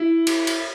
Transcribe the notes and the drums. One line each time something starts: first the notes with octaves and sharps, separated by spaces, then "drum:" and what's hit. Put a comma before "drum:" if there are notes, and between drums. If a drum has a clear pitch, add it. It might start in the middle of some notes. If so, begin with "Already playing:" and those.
Already playing: E4
drum: cymbal
drum: cymbal